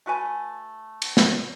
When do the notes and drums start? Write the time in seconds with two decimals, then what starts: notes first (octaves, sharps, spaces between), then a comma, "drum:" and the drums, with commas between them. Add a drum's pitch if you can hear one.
0.06 A3 F#4 B4 G#5
1.02 drum: cymbal
1.17 drum: snare